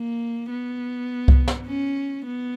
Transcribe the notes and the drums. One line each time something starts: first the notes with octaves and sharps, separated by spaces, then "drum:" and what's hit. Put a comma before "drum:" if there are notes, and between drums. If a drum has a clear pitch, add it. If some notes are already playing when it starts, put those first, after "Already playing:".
Already playing: A#3
B3
drum: kick C2
drum: snare
C#4
B3